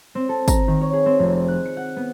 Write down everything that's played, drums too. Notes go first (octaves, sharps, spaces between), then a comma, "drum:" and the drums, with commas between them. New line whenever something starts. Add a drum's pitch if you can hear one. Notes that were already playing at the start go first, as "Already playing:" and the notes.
C4
A4
A#5, drum: kick, tambourine
D#3
C#5
G#4
C4
F1
F#6
C#7
F#5
B3